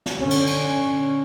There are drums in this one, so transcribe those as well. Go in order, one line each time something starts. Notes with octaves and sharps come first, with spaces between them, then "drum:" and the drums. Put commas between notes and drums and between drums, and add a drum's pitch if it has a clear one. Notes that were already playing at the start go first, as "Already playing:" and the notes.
drum: snare
D3 C#4
drum: cymbal
drum: cymbal